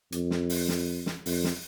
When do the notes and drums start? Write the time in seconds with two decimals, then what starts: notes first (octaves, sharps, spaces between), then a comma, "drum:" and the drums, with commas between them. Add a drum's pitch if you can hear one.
0.12 F2, drum: hi-hat
0.31 drum: snare
0.50 drum: open hi-hat
0.68 drum: snare
1.06 drum: snare
1.26 F2, drum: open hi-hat
1.44 drum: snare